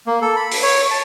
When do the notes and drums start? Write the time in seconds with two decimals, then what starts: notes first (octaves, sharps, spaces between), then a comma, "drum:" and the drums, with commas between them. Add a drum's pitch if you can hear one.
0.07 A#3
0.22 A4
0.36 B5
0.51 drum: open hi-hat
0.63 C#5
0.91 A5